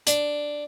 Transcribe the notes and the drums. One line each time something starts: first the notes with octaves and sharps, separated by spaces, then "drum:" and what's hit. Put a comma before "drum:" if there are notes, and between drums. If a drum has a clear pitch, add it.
D4, drum: hi-hat